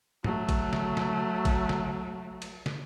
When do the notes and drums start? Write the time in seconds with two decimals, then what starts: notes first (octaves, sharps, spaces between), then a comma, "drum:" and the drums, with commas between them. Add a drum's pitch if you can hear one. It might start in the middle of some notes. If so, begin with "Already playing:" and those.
0.24 F#3 A3, drum: tom G#2
0.49 drum: kick A1, cymbal
0.73 drum: snare
0.97 drum: snare
1.45 drum: kick A1, cymbal
1.69 drum: snare
2.42 drum: cymbal
2.66 drum: snare